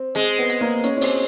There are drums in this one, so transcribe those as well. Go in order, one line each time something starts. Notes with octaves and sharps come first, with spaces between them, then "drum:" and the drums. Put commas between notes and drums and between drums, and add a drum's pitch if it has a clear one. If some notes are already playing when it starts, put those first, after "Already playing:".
Already playing: C4
G#3 C4, drum: hi-hat
B3
drum: hi-hat
A#3
C#4, drum: hi-hat
C#4
C4, drum: open hi-hat